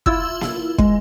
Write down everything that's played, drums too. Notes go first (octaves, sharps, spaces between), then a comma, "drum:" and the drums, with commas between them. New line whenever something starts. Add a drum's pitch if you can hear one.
E4 F4 E6, drum: kick
drum: snare A#3
G#3, drum: kick